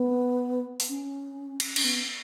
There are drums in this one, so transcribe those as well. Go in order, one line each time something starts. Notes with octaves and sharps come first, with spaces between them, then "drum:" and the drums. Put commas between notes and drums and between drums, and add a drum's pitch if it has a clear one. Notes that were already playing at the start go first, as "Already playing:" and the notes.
Already playing: B3
drum: open hi-hat
C#4
drum: cymbal
C#4, drum: cymbal
B3